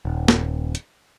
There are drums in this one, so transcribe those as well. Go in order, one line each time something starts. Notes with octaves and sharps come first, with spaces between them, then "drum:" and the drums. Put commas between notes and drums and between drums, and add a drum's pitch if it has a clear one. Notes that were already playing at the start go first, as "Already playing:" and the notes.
D#1
drum: snare
drum: hi-hat